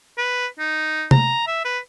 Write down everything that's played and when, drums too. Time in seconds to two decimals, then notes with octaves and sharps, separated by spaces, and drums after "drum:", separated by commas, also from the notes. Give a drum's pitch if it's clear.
0.18 B4
0.59 D#4
1.11 A#5, drum: tom C3
1.47 E5
1.65 B4